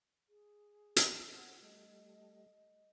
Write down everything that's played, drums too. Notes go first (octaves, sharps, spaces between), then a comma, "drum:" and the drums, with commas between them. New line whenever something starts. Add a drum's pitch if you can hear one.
G#4
drum: hi-hat
C5 F#5
G3 A3 D#5